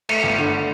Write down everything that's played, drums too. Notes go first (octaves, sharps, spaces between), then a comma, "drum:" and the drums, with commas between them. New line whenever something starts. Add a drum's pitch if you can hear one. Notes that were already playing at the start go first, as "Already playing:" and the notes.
A3, drum: cymbal
G1
D3